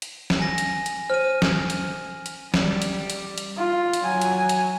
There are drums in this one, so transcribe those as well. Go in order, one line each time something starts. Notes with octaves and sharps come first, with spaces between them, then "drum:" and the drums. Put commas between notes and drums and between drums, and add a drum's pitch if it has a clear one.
drum: hi-hat
drum: snare
G#5 A#6
drum: hi-hat
drum: hi-hat
C5 F6 D#7
drum: snare
drum: hi-hat
drum: hi-hat
G3, drum: snare
drum: hi-hat
drum: hi-hat
drum: hi-hat
F4
drum: hi-hat
F#3 G#5
drum: hi-hat
drum: hi-hat